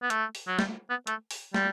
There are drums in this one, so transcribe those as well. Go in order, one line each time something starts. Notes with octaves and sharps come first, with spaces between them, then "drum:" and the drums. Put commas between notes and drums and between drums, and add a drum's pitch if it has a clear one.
B3
A3, drum: hi-hat
drum: open hi-hat
F#3
G3, drum: snare
B3
A3, drum: hi-hat
drum: open hi-hat
G3, drum: snare